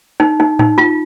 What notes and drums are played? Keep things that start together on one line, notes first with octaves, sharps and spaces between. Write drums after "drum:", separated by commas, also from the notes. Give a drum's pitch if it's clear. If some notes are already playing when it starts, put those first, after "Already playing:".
D#4
D#4
D#4, drum: tom A2
F4